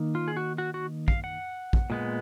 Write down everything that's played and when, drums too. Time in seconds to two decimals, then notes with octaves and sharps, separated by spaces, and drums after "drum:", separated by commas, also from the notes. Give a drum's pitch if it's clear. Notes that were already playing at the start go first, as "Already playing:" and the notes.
Already playing: D#3 A#3 D#4
0.15 F4
0.28 G#4
0.37 F#4
0.58 F#4
0.74 F#4
1.08 F5, drum: kick
1.24 F#5
1.73 drum: kick
1.90 A#2 G#3 B3